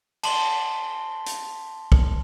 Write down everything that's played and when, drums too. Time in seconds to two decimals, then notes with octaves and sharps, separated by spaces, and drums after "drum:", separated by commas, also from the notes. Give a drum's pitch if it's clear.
0.23 A5 C6 G7, drum: cymbal
1.26 drum: hi-hat
1.92 drum: kick